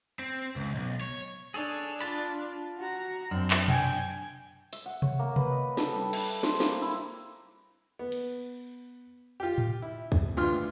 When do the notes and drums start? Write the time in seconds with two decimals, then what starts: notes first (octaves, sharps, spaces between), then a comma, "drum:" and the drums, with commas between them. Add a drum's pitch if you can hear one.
0.19 C4
0.56 C#2
0.75 B1
1.01 C#5
1.54 D4 G#4 A4 C#5
2.01 F4 A5 B5
2.77 F#4 A#5
3.31 F#2 C4 D4
3.51 drum: clap
3.68 G5 G#5, drum: tom B2
4.73 E5, drum: open hi-hat
4.86 F#5
5.02 C#5, drum: tom
5.19 A#3
5.36 B4, drum: tom
5.51 D#5
5.77 A4, drum: snare
5.93 G3
6.13 E5, drum: cymbal
6.43 C5, drum: snare
6.60 A#3, drum: snare
6.82 E4
7.99 B3
8.12 drum: cymbal
9.40 F4 G4
9.58 drum: tom A2
9.82 E4
10.12 drum: kick
10.37 D2 E3 F4 C6 F6